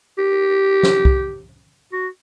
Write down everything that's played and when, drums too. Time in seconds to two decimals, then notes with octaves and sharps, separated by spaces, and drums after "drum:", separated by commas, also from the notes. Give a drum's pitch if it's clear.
0.18 G4
0.83 drum: snare
1.05 drum: kick C2
1.92 F#4